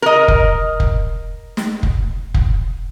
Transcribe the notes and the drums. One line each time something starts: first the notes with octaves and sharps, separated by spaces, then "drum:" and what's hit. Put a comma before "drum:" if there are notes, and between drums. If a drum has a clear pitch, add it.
A#4 D#5
drum: kick
drum: kick
drum: snare
drum: kick
drum: kick